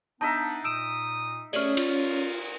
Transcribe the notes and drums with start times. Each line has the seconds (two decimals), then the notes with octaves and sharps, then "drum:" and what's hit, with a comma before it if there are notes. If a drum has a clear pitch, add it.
0.21 B3 D4 D#4 D#5 E5 A5
0.64 A#2 D#6 E6 D7 E7
1.53 A3 C#4 G#4 C#5 D5 F6, drum: hi-hat
1.77 F4, drum: cymbal